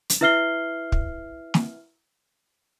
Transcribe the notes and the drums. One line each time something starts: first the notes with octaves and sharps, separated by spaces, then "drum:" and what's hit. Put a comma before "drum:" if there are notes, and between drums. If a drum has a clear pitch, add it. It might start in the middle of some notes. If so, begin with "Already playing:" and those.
drum: hi-hat
E4 B4 E5 F6 C7 G7
drum: kick
drum: snare